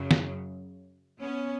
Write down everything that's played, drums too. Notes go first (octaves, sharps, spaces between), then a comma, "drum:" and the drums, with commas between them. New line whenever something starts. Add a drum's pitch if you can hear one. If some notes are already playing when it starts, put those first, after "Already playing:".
Already playing: F#2 C#3 F#3
drum: snare
B3 C#4